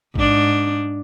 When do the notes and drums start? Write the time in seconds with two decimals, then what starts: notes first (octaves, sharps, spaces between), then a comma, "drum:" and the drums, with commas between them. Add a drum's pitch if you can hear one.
0.15 G#2 D4, drum: kick A1